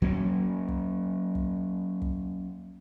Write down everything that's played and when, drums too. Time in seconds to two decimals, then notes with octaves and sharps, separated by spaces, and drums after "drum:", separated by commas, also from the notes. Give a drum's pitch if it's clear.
0.02 F#3 A#3 C#4, drum: kick
0.68 drum: kick
1.35 drum: kick
2.02 drum: kick